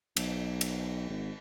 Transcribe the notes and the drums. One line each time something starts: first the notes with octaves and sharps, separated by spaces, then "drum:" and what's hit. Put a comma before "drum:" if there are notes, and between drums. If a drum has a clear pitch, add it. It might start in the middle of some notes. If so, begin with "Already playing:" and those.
B1, drum: cymbal
drum: cymbal
G#1